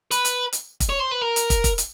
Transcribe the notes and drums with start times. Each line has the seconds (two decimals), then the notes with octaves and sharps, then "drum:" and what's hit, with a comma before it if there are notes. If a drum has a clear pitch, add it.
0.11 B4, drum: hi-hat
0.25 drum: hi-hat
0.53 drum: hi-hat
0.80 drum: kick, hi-hat
0.90 C#5
1.00 C5
1.12 B4
1.22 A#4
1.36 drum: hi-hat
1.50 drum: kick, hi-hat
1.64 drum: kick, hi-hat
1.78 drum: hi-hat